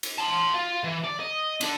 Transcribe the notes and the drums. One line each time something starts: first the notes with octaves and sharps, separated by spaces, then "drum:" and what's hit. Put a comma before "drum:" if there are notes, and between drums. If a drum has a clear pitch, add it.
drum: cymbal
A5 C6
F4
E3
D5
D#5
D4 A4, drum: cymbal